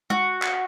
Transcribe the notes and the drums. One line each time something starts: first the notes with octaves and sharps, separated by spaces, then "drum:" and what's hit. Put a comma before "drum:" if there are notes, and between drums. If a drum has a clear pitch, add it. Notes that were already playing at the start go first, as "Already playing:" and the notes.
F#4, drum: tom G#3
drum: clap